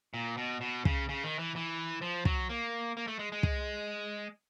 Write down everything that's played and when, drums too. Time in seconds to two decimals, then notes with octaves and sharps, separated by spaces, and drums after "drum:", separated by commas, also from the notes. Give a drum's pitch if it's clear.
0.14 A#2
0.37 B2
0.61 B2
0.85 C#3, drum: kick
1.09 C#3
1.24 D#3
1.39 E3
1.56 E3
2.02 F3
2.25 F#3, drum: kick
2.49 A#3
2.97 A#3
3.08 A3
3.19 G#3
3.32 G#3
3.43 drum: kick